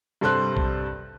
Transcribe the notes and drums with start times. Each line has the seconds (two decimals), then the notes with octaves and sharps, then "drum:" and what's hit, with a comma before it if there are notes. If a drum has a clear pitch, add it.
0.21 G2 C3 A4 C5 C6 F#6
0.57 drum: kick